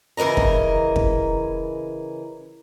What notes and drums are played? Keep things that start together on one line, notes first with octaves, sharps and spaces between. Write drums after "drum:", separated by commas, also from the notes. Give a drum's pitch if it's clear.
C#3 E3 A#4 D#5 A#5
drum: kick
drum: kick